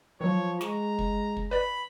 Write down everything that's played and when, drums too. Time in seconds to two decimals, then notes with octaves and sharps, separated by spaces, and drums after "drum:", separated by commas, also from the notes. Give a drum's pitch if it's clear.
0.21 D#3 F3 F#3 C#5
0.61 G#3 A#5 C#6, drum: snare
0.99 drum: kick
1.37 drum: kick
1.51 B4 D5 B5